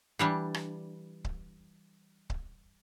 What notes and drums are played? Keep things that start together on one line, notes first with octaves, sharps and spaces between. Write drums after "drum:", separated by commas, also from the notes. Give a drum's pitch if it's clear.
E3 G3 D4
drum: rim click
drum: kick C#1
drum: kick C#1